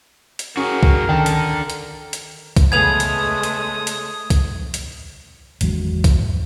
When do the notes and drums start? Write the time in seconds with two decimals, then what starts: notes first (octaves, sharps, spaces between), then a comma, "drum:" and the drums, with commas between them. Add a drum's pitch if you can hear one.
0.39 drum: hi-hat
0.57 C#4 F#4 G#4 A#4 C#6
0.83 drum: kick C2
1.09 D#3 D4 A4 G5 A5 A#5
1.26 drum: hi-hat
1.70 drum: hi-hat
2.13 drum: hi-hat
2.57 drum: kick C2, hi-hat
2.72 C#3 G#3 A3 B3 G#4 D#6 G#6 F7
3.00 drum: hi-hat
3.43 drum: hi-hat
3.87 drum: hi-hat
4.30 drum: kick C2, hi-hat
4.74 drum: hi-hat
5.61 G#1 E2 G#2 F#3, drum: hi-hat
6.04 drum: kick C2, hi-hat